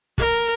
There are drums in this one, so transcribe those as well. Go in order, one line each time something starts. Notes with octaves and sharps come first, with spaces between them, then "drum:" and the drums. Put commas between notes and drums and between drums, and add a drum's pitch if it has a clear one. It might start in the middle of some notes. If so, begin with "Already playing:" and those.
A#4, drum: kick